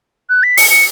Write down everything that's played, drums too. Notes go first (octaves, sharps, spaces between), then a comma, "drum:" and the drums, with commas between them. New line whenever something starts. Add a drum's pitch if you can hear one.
F#6
B6
C#7, drum: open hi-hat
C#7